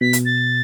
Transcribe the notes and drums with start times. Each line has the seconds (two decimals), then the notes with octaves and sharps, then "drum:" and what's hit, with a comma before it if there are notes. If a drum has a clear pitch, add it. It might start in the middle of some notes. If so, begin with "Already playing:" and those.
0.01 B2 B6
0.13 drum: hi-hat
0.25 A6